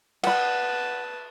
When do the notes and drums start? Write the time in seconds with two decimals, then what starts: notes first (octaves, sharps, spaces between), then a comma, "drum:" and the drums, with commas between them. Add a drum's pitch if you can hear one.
0.23 B4 F#5 A5 B5, drum: cymbal